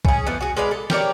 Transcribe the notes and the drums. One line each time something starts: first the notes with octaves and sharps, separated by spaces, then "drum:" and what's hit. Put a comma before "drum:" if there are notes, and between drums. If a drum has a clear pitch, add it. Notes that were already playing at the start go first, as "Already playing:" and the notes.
C#4 G#4, drum: kick B1
E3 F3 A3 B3
F#4 G#4
G#3 B4 D5 F5
A4
G4 A#4 C#5 D5, drum: snare